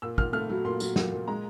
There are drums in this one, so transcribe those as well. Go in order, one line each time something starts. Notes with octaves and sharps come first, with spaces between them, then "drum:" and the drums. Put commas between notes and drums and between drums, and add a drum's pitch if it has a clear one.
A#2 E6
A#2 F6, drum: kick
A3 F6
F#3
A#2 C6
F#3, drum: tambourine
A#2, drum: snare
A#2
G#3 A#5